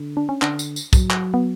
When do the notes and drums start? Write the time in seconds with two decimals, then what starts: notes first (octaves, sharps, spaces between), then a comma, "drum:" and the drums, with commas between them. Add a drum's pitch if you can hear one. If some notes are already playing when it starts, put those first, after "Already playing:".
Already playing: D3
0.17 D4
0.29 C#4
0.42 D3 D4, drum: clap
0.59 drum: tambourine
0.76 drum: tambourine
0.93 F#3, drum: kick, tambourine
1.10 drum: clap
1.34 B3